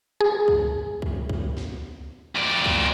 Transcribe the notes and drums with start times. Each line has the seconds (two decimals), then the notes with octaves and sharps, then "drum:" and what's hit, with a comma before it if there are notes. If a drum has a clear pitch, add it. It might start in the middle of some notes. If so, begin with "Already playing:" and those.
0.21 G#4
0.48 drum: kick C2
1.02 drum: kick C2
1.29 drum: kick C2
1.57 drum: snare
2.36 F2 D5
2.66 drum: kick C2